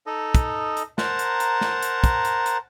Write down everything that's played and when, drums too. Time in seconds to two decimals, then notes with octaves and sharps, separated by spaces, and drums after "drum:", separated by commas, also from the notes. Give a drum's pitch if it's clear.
0.06 D#4 A4 D#5
0.35 drum: kick, hi-hat
0.77 drum: hi-hat
0.98 A#4 C5 F#5 A5 A#5, drum: snare
1.19 drum: hi-hat
1.40 drum: hi-hat
1.61 drum: snare
1.82 drum: hi-hat
2.04 drum: kick, hi-hat
2.25 drum: hi-hat
2.46 drum: hi-hat